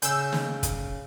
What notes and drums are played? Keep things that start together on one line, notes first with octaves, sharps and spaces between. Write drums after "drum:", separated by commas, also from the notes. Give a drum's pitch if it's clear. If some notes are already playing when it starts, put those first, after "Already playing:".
C#3 E6 G6, drum: hi-hat
drum: snare
drum: kick, hi-hat